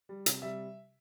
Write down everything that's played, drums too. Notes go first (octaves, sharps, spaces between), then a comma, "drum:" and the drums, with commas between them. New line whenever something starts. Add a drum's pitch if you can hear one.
G3
C3, drum: hi-hat
G3 E5